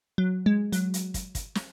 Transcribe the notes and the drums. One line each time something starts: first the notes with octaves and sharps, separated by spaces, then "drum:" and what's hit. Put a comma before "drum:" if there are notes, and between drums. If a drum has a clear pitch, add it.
F#3
G#3
F#3, drum: hi-hat
drum: hi-hat
drum: kick, hi-hat
drum: kick, hi-hat
drum: snare